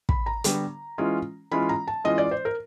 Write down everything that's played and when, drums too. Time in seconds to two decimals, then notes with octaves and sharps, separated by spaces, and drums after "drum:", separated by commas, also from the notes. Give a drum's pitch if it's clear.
0.09 B5, drum: kick
0.26 A#5
0.44 D3 G3 B3, drum: hi-hat
0.98 E3 G#3 C#4 F4
1.51 E3 G#3 C#4 F4 B5
1.69 A#5
1.88 A5
2.04 E3 G#3 C#4 F4 D#5
2.18 D5
2.31 C5
2.45 A#4